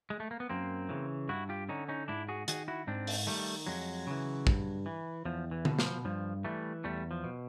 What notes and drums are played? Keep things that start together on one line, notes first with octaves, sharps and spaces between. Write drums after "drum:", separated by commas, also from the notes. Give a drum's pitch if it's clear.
G#3
A3
A#3
B3
F#2 A#3 C4
C#3 E3
G2 E4 F#4
F4 G4
D3 C#4 D#4
C#4 D#4
G#2 D4 E4
F#4 G#4
D#3 F#4 G#4, drum: hi-hat
E4 F#4
G#2 C4 D4
drum: open hi-hat
D#3 G3 A3
F2 F#3 G#3
C#3 E3
G2, drum: kick A1
E3
E2 F3
E3
B2, drum: tom D3
F3, drum: snare
G2 F3
E3 G3 A3
E2 G3 A3
F3
B2